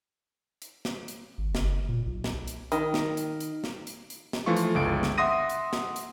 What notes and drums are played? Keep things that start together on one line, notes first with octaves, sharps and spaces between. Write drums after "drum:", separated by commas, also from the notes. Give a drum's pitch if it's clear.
drum: hi-hat
drum: snare
drum: hi-hat
G#1
F#1, drum: snare
A#2
B1
drum: snare
drum: hi-hat
D#3, drum: hi-hat
drum: snare
drum: hi-hat
drum: hi-hat
drum: snare
drum: hi-hat
drum: hi-hat
drum: snare
E3 F3 A3 F4 C#6
drum: hi-hat
G1 C#2 D7
drum: snare
E5 F#5 C6 D#6 A#6 D#7
drum: hi-hat
drum: snare
drum: hi-hat